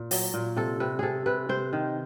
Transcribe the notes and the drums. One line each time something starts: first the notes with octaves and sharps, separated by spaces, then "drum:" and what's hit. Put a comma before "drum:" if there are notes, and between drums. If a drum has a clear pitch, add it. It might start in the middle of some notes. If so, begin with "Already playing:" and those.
Already playing: A#2
F#3, drum: open hi-hat
A#2
C3 A4
C3 B4
C3 G#4 A4
C3 B4
C3 C5
D#3